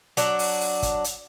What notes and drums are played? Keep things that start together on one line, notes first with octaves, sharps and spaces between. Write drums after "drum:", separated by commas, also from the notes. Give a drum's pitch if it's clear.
F#3 D4, drum: hi-hat
drum: open hi-hat
drum: open hi-hat
drum: kick, hi-hat
drum: hi-hat